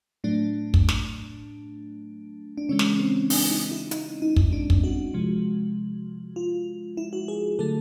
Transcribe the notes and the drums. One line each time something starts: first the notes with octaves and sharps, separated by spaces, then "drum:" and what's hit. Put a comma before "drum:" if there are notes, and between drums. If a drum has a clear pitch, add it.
A2 F#3 A3 D4
drum: kick
drum: snare
D4
C#3 E3 G#3 C#4
drum: snare
C#4
C4
D4, drum: open hi-hat
D#4
E4
D#4, drum: hi-hat
D#4
drum: kick
D4
drum: kick
F#4
C3 F3 G#3
F4
E4
F#4
G#4
D3 F#3 A3 A4